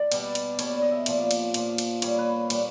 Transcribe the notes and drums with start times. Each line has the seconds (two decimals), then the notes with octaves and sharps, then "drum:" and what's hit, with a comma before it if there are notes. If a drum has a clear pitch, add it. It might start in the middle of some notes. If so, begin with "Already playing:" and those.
Already playing: D5
0.12 B2 G3, drum: cymbal
0.35 drum: cymbal
0.59 B2 G3 C#5, drum: cymbal
0.74 D5
0.82 D#5
0.91 E5
1.06 A#2 F3 D5, drum: cymbal
1.31 drum: cymbal
1.54 A#2 F3, drum: cymbal
1.78 drum: cymbal
2.02 A#2 G3 C#5, drum: cymbal
2.18 B4
2.50 A#2 G3, drum: cymbal